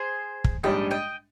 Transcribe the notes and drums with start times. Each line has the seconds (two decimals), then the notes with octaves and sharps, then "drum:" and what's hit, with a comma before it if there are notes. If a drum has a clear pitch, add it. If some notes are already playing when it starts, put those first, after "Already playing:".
Already playing: G#4 C5
0.44 drum: kick
0.63 A#1 G#2 G3 D4 D#5 G5
0.91 D#5 G5